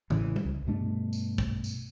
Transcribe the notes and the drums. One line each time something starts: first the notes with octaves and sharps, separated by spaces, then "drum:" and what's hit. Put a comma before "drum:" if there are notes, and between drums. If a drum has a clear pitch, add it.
A1 C#3 E3, drum: tom C#3
drum: tom
C#2
G2 B2 A3 D4
drum: tambourine
drum: kick
drum: tambourine